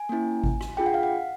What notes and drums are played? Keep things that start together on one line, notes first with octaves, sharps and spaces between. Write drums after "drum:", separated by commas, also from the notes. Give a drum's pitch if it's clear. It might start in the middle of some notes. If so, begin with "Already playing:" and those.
Already playing: G#5
A#3 C#4 E4
drum: kick G#1
drum: rim click
D4 F4 G#4 G5
F#5
F5
F#5